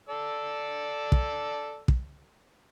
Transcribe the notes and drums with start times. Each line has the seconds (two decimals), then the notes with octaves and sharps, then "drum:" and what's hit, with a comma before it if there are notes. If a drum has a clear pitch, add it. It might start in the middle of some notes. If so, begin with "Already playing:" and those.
0.09 A4 D5 E6
1.12 drum: kick
1.88 drum: kick